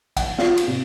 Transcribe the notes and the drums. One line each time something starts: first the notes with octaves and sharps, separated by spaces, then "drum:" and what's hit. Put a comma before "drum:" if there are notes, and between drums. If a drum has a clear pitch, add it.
F#5, drum: kick, cymbal
F4, drum: snare
drum: cymbal
C3